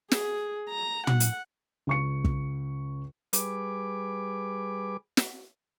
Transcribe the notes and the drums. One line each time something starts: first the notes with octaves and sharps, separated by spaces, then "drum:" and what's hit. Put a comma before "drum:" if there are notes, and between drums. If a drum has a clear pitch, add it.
G#4, drum: snare
A#5
F#5, drum: tom
drum: hi-hat
C#2 C#6 C#7
drum: kick
G3 G#4 B4 D6, drum: hi-hat
drum: snare